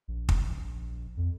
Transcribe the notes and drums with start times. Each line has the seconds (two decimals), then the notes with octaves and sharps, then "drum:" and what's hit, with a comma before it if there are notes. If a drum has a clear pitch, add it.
0.08 A#1
0.29 drum: kick
1.17 F2